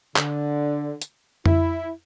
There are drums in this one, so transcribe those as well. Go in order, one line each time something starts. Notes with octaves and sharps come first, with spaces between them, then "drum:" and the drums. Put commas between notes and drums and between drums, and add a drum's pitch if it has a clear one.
D3, drum: clap
drum: hi-hat
E4, drum: tom F2